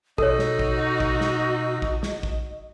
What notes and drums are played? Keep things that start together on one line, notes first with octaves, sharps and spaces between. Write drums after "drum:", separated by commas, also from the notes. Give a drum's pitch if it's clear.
B2 D#4 F#4 A4 C#5 D#5 E6, drum: kick
drum: snare
drum: kick
drum: kick
drum: snare
drum: kick
drum: snare
drum: kick